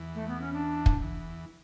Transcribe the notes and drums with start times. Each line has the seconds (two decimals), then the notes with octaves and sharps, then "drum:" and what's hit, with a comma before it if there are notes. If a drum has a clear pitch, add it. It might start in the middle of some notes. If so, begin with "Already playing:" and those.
Already playing: E2 E3
0.15 A3
0.28 B3
0.41 C#4
0.53 D4
0.86 drum: kick
1.02 E2 E3